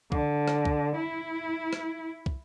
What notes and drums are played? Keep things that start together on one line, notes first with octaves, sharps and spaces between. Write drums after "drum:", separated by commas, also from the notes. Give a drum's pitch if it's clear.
D3, drum: kick
drum: rim click
drum: kick
E4
drum: rim click
drum: kick